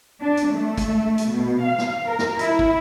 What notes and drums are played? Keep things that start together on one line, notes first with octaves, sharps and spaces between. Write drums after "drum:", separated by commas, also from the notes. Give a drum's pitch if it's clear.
D4
drum: hi-hat
A3
drum: kick, hi-hat
drum: hi-hat
B2
F5
drum: snare
A#4
drum: snare
E4, drum: hi-hat
drum: kick